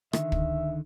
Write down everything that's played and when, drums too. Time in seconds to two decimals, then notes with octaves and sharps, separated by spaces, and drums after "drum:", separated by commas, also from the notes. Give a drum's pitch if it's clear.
0.13 D3 D#3 E5, drum: rim click
0.32 drum: kick